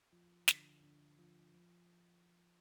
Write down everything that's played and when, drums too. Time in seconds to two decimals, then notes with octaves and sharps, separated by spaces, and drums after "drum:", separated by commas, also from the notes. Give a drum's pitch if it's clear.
0.12 F3 F4
0.48 D3 D4, drum: snare
0.83 D3 D4
1.19 F3 F4
1.54 F3 F4